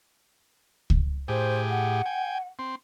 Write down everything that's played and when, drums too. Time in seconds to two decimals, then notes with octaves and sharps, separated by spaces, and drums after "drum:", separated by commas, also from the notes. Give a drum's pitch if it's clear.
0.90 drum: kick C#2
1.28 A2 G4 G#4 C5
1.69 F#5
2.06 G5 G#5
2.59 C4 C6